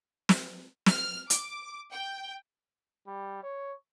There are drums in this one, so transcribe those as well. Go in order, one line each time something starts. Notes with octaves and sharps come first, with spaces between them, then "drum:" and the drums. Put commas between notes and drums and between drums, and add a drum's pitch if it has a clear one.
drum: snare
F6, drum: snare
D6, drum: hi-hat
G5
G3
C#5